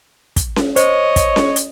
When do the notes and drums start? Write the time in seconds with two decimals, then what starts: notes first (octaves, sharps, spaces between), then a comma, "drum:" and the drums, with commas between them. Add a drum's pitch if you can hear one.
0.36 drum: kick, hi-hat
0.56 drum: snare C#4
0.76 C5 C#5 D#5, drum: hi-hat
1.16 drum: kick, hi-hat
1.36 drum: snare C#4
1.56 drum: hi-hat